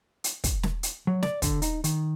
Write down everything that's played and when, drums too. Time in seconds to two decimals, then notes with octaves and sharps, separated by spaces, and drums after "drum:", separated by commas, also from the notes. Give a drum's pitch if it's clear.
0.24 drum: hi-hat
0.44 drum: kick, hi-hat
0.63 drum: snare
0.83 drum: hi-hat
1.07 F#3
1.23 D5, drum: snare
1.42 D3, drum: kick, hi-hat
1.62 D#4, drum: hi-hat
1.84 D#3, drum: hi-hat